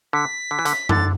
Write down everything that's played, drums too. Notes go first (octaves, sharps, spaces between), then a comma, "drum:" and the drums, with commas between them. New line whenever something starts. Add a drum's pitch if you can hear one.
D3 B6
D3
E3
D3, drum: hi-hat
D3 A6, drum: tom F#2